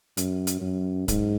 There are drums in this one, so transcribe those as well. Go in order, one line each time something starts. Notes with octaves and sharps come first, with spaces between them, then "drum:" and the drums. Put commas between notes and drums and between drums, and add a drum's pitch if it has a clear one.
F#2, drum: hi-hat
drum: hi-hat
F#2
G#2, drum: kick C#1, hi-hat